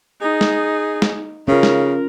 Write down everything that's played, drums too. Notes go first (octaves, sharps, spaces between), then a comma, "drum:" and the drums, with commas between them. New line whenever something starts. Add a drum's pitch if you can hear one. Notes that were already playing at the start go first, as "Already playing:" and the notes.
D#4 G#4
drum: snare
drum: snare
C#3 C#4 F4 A#4
drum: snare